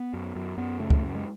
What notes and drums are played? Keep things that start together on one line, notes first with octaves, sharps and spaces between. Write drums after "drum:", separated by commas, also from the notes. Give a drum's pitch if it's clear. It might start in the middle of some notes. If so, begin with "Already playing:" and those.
Already playing: B3
F#2
F#2
F#2 B3
C#3 A3
drum: kick C#2
F#2
G#3